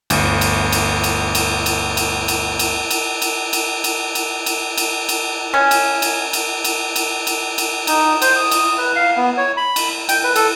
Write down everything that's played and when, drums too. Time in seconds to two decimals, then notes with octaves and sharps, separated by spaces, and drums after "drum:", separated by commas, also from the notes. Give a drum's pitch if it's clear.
0.10 G1 D2, drum: cymbal
0.41 drum: cymbal
0.72 drum: cymbal
1.04 drum: cymbal
1.35 drum: cymbal
1.66 drum: cymbal
1.97 drum: cymbal
2.28 drum: cymbal
2.59 drum: cymbal
2.91 drum: cymbal
3.22 drum: cymbal
3.53 drum: cymbal
3.84 drum: cymbal
4.15 drum: cymbal
4.46 drum: cymbal
4.77 drum: cymbal
5.09 drum: cymbal
5.54 C#4
5.71 drum: cymbal
6.02 drum: cymbal
6.33 drum: cymbal
6.64 drum: cymbal
6.96 drum: cymbal
7.27 drum: cymbal
7.58 drum: cymbal
7.87 D#4, drum: cymbal
8.22 C5, drum: cymbal
8.36 D#6
8.51 drum: cymbal
8.78 B4
8.96 F5
9.17 B3
9.37 C#5
9.57 B5
9.76 drum: cymbal
10.09 G5, drum: cymbal
10.24 B4
10.36 A4, drum: cymbal